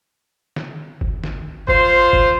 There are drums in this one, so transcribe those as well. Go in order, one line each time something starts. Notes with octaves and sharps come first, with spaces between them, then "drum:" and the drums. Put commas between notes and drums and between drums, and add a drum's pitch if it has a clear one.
drum: snare
drum: kick G1
drum: snare
F4 C5, drum: kick G1
drum: kick G1